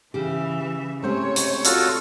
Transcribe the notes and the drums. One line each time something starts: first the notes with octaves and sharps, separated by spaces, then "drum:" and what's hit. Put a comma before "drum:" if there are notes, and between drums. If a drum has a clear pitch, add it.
C#3 E3 G4 E5
C3 G#3 A3 C#4 C5 C#5 C#6
drum: hi-hat
F4 F#4 A4, drum: hi-hat